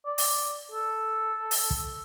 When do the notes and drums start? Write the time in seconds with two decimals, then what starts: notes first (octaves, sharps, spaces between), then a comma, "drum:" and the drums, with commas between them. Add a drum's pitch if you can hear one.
0.06 D5
0.18 drum: open hi-hat
0.72 A4
1.51 drum: open hi-hat
1.70 drum: kick